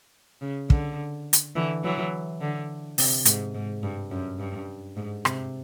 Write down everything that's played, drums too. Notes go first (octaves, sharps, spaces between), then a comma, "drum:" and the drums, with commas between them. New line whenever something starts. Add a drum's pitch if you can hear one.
C#3
D3, drum: kick
drum: hi-hat
D3 E3
E3 F#3
D3
C3, drum: open hi-hat
G#2, drum: hi-hat
G#2
G2
F#2
G2
G#2
C3, drum: rim click